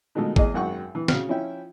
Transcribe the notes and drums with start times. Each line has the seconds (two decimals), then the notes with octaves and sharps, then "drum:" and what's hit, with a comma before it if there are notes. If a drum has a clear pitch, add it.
0.15 B2 D#3 F3 G#3 A3
0.36 E2 G#4 D#5, drum: kick
0.54 G#1 F#2 F#5 G5 C#6
0.95 E3
1.08 C#3 F#4 F6, drum: snare
1.29 F3 C#4 E4 E5 G5